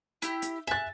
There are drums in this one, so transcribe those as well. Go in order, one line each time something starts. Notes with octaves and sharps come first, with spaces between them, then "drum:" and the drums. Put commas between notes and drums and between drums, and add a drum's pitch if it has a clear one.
E4 G4, drum: hi-hat
drum: hi-hat
E5 G#5 F#6 A6